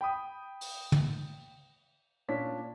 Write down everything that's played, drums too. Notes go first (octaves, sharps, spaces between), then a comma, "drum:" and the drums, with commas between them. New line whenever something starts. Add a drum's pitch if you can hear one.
G5 B5 D#6
drum: open hi-hat
drum: tom
A#2 C#4 D4 B6